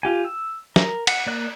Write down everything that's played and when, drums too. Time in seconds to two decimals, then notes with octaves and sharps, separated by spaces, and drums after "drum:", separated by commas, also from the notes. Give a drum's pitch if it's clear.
0.03 F4 G4 G#5
0.25 E6
0.76 A#4, drum: snare
1.07 F#5, drum: cymbal
1.27 A#3 D5 F#6